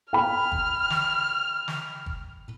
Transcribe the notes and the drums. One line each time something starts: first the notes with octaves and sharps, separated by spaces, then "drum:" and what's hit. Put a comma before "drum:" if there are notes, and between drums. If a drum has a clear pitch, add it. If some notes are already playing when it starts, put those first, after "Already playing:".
G5 B5 F6
drum: kick
drum: snare
drum: snare
drum: kick